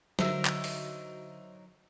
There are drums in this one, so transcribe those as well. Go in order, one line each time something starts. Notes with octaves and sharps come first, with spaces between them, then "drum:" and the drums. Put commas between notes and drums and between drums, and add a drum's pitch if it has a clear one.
D3 F#3 D#4 F#4 A#4 C5 E5 E6, drum: snare
drum: clap
drum: open hi-hat